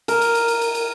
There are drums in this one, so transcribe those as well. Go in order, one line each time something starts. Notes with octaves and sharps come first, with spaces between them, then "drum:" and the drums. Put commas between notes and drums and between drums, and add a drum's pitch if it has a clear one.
A#4, drum: cymbal
drum: cymbal
drum: cymbal
drum: cymbal
drum: cymbal
drum: cymbal